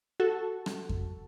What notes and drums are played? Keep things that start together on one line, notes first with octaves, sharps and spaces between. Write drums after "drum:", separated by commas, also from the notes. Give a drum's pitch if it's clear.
F#4 A4
drum: rim click
drum: kick F2